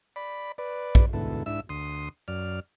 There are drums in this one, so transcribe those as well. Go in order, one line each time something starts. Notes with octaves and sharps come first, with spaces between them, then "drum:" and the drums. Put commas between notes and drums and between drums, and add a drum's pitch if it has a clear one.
D5 B5
B4 D5
drum: kick A#1
D2 G#2 B2 E4 A4
G#2 D4 E4 E5 E6
D2 C6 D#6
F#2 D5 F6